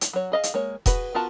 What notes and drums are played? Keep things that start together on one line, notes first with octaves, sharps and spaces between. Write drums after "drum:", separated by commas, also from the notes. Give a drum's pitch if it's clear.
drum: hi-hat
F#3 C#5
G#4 D#5 F5
drum: hi-hat
G#3 A#3 C#5
F#4 G#4 B4, drum: kick E1, hi-hat
B3 F4 F#4 A#4 A5